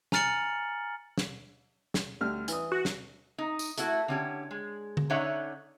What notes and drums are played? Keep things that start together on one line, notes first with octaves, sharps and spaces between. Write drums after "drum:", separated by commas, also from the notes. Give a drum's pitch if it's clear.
G#5 A#5 F6 A6 C#7 F#7, drum: snare
drum: snare
drum: snare
D2 G3 F6
E3 D#6, drum: hi-hat
F#4
drum: snare
D#4
drum: tambourine
A3 E4 F#4, drum: hi-hat
D3 C#4 G4
G#3
drum: tom D3
D3 C#4 D#4 C#5 E5 F#5